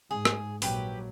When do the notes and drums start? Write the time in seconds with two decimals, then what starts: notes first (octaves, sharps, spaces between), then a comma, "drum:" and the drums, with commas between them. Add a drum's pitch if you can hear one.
0.11 G#2 G#4
0.25 drum: rim click
0.62 A#1 F#3 G4 B4, drum: open hi-hat